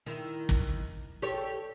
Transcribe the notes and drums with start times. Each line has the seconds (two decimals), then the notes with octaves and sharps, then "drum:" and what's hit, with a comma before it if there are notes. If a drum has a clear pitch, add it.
0.06 D#3 E4
0.49 drum: kick
1.22 G4 A4 C#5